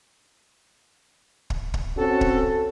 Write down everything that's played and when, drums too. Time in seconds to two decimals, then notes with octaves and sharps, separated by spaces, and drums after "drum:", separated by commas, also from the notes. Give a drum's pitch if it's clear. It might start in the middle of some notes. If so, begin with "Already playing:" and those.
1.50 drum: kick
1.74 drum: kick
1.97 C4 C#4 F#4 A4
2.21 drum: kick